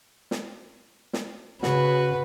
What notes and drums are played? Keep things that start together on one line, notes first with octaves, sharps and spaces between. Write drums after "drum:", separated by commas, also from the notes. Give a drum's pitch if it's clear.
drum: snare
drum: snare
C#3 F#4 B4, drum: snare